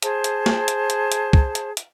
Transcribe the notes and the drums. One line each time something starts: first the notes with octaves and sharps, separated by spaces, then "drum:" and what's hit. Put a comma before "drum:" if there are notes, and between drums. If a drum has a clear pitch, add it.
G#4 C5 A5, drum: hi-hat
drum: hi-hat
drum: snare
drum: hi-hat
drum: hi-hat
drum: hi-hat
drum: kick
drum: hi-hat
drum: hi-hat